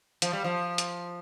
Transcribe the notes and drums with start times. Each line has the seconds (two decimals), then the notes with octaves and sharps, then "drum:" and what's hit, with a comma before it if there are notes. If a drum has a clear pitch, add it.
0.22 F3, drum: hi-hat
0.33 G3
0.44 F3
0.78 drum: hi-hat